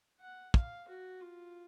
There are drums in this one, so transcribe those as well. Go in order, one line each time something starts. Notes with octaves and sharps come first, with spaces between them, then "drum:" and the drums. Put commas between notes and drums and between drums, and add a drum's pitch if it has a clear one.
F#5
F5, drum: kick
F#4
F4